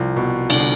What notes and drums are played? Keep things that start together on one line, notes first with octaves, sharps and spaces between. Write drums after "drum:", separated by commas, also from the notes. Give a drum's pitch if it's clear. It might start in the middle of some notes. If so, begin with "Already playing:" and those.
Already playing: C2 F3 F4
B2
C2 D3 D4, drum: cymbal